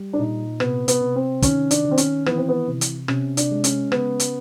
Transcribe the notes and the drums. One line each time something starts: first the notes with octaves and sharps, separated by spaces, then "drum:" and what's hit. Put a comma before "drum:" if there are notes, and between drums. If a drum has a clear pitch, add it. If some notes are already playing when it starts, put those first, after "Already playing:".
Already playing: G3
D4
A#2 D#4
C3 B3, drum: rim click
B3, drum: hi-hat
C3
C4
D#3 C#4, drum: kick, hi-hat
D4, drum: hi-hat
D#3
C4
C#4, drum: hi-hat
E3 B3, drum: rim click
C4
B3
C3
drum: hi-hat
C3 C#4, drum: rim click
D4, drum: hi-hat
G#3
C#4, drum: hi-hat
C#3 B3, drum: rim click
drum: hi-hat